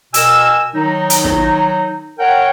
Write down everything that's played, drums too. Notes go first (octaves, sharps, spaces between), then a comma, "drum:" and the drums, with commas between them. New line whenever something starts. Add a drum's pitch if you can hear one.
B2 A#4 D#5 G#5 E6, drum: hi-hat
D#3 F#3 D#4
drum: hi-hat
drum: snare
A#4 C#5 F#5 G5